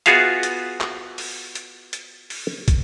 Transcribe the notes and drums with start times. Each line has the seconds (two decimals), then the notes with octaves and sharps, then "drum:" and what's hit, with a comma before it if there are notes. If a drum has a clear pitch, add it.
0.06 B3 F4 F#4 G#4 E5 F5, drum: hi-hat
0.43 drum: hi-hat
0.81 drum: clap
1.18 drum: open hi-hat
1.55 drum: hi-hat
1.93 drum: hi-hat
2.30 drum: open hi-hat
2.68 drum: kick, hi-hat